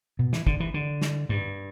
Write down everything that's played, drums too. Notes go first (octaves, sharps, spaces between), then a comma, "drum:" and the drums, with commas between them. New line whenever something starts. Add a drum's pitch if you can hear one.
B2
E3, drum: snare
D3, drum: kick
E3
D3
drum: snare
G2